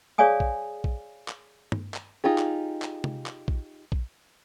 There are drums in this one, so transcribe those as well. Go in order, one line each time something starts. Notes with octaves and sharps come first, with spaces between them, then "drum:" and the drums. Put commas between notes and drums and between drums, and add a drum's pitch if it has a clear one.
G#4 C#5 D5 F5 G#5 D#6
drum: kick A#1
drum: kick A#1
drum: clap
drum: tom
drum: clap
D#4 F4 G4 G#4
drum: clap
drum: clap
drum: tom C3
drum: clap
drum: kick A#1
drum: kick A#1